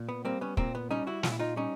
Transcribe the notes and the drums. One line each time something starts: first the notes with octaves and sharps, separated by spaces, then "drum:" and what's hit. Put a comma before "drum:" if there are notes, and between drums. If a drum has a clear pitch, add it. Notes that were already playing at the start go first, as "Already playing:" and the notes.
Already playing: A#2
B3
G3 A#3 C4
B3 C#4
A#2 A#3 C4, drum: kick
B3
G3 C#4 D#4
E4 F#4
A#2 F4, drum: snare
E4
D#4 F4
G3 C#4 D#4